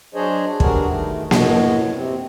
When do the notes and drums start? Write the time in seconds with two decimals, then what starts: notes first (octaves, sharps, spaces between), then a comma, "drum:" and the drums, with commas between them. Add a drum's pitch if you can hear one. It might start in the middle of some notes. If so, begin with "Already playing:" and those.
0.15 F#3 D4 G#4 C5 C#5 D#5
0.60 G3 B3 D4 F#4 G#4 A#4, drum: kick
0.87 D#3 A3
1.31 F#2 A2 G#3 B3 C#5 D#5, drum: snare A#3
1.95 C3 C4